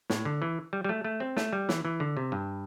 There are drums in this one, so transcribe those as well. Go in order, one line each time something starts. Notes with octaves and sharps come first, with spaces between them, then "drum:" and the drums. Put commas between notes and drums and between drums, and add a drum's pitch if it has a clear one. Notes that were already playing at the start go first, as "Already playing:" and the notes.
A2, drum: snare
D3
E3
G3
G3
A3
A3
C4
A3, drum: snare
G3
E3, drum: snare
E3
D3
C3
G2